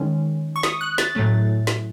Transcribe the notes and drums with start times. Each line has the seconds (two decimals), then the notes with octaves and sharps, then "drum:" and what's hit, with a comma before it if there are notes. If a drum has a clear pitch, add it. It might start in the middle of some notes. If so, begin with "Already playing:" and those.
Already playing: D#3 G#3 C#4
0.56 C#6
0.63 D#6, drum: snare
0.81 F#6
0.98 A6, drum: snare
1.15 A2 F#3 A3 C#4
1.67 drum: snare